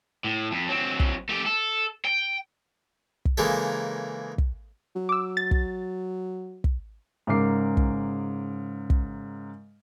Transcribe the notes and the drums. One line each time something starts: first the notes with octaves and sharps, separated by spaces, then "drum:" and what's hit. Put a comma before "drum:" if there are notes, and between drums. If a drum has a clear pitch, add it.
A2
F2
F#3 C4
drum: kick
A3 G4
A4
G5
drum: kick
C#3 E3 G#3 A#3 D#4 A4
drum: kick
F#3
D6 E6
A6
drum: kick
drum: kick
G#2 C#3 A#4 D6 C7
drum: kick
drum: kick